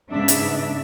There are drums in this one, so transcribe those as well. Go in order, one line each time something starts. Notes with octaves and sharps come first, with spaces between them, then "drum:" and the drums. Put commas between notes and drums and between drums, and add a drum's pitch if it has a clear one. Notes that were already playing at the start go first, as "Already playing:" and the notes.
G#2 C#3 B3 D4 E5
drum: hi-hat